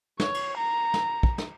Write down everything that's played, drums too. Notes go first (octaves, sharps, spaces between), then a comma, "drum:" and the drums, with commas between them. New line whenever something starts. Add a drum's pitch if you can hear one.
C#5, drum: snare
drum: cymbal
A#5
drum: snare
drum: kick
drum: snare